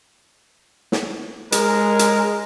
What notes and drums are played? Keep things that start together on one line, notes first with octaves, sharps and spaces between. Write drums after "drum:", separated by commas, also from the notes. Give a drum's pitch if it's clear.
drum: snare
G#3 A#4, drum: hi-hat
drum: hi-hat